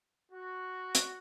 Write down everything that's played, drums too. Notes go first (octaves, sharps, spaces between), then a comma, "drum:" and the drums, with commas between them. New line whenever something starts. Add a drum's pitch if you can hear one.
F#4
drum: hi-hat